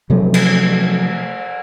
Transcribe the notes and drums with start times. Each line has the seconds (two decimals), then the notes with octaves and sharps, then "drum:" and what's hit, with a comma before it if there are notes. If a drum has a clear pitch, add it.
0.10 C3 F3 F#3 A3
0.34 drum: cymbal